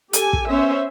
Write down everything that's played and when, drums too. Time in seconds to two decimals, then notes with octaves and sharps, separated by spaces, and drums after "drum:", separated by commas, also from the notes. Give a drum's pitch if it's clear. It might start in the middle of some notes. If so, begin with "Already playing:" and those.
0.13 G4 A4 G#5, drum: hi-hat
0.33 drum: kick
0.49 B3 C#4 C5 E5